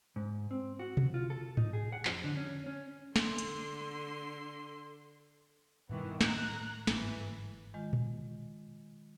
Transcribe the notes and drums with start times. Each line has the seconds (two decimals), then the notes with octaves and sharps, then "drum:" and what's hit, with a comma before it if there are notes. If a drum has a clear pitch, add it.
0.16 G#2
0.51 C4
0.79 F#4
0.97 drum: tom B2
1.14 F4
1.30 A4
1.57 D#4, drum: tom G#2
1.73 G#4
1.92 F#5
2.05 F2, drum: clap
2.24 D3
2.37 C#4
2.66 C#4
3.16 D3 C6, drum: snare
3.38 drum: hi-hat
5.89 G2 B2 D#3 E3 G3 B3
6.21 A2 A#5 F#6, drum: snare
6.87 G1 G#2 E3, drum: snare
7.74 D#3 G#3 F4
7.93 drum: tom A#2